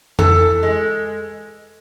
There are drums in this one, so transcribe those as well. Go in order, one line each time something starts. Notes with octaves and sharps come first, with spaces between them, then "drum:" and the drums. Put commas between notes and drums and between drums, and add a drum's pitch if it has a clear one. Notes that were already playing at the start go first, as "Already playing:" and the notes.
E3 A4, drum: tom F2
G#3